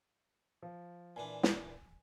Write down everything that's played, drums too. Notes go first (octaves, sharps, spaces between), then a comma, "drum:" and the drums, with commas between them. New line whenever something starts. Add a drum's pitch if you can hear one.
F3
A#2 E3 D4 G#5
drum: snare